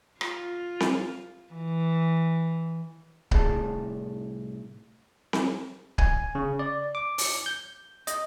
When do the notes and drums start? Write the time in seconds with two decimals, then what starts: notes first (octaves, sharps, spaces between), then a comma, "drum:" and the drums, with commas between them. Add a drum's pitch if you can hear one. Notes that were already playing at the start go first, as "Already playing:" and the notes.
0.21 F4, drum: rim click
0.80 drum: snare C4
1.53 E3
3.31 C2 A2 G#4 A5, drum: kick C#1
5.33 drum: snare C4
5.98 G#5, drum: kick C#1
6.35 C#3
6.59 D5
6.95 D6
7.18 drum: open hi-hat
7.46 G6
8.07 D#5, drum: hi-hat